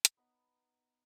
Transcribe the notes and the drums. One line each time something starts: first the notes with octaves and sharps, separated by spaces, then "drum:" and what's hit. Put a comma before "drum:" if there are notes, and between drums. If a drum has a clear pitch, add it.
drum: hi-hat
B3 D#4 B5